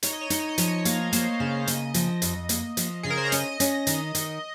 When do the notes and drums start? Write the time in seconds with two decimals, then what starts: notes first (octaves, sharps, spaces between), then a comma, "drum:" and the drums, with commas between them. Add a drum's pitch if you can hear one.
0.03 D#4 C#5, drum: hi-hat
0.12 D#5
0.21 C#5
0.30 D#4 D#5, drum: hi-hat
0.40 C#5
0.49 D#5
0.58 F3 C#5, drum: hi-hat
0.85 A#3 F5, drum: hi-hat
1.13 A#3 C5, drum: hi-hat
1.40 C#3 C5
1.67 A#3 D#5, drum: hi-hat
1.94 F3, drum: hi-hat
2.22 F2, drum: hi-hat
2.49 A#3, drum: hi-hat
2.77 F3, drum: hi-hat
3.03 C#3 G#4
3.10 A#4
3.17 C5
3.25 C#5
3.32 C#4 D#5, drum: hi-hat
3.60 C#4, drum: hi-hat
3.87 D#3, drum: hi-hat
4.15 D#3, drum: hi-hat